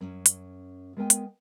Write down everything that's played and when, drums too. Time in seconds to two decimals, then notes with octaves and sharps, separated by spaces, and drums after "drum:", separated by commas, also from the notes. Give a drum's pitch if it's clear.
0.01 F#2 C#4
0.26 drum: hi-hat
0.97 G#3 B3 A#4 D#5 G5 G#5
1.10 drum: hi-hat